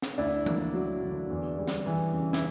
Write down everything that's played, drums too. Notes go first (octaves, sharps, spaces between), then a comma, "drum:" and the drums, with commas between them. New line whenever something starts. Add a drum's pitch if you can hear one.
drum: snare
D2 D4 E4
A#3, drum: tom E3
F#3
D3
E2
G3
drum: snare
E3
C#3
E4, drum: snare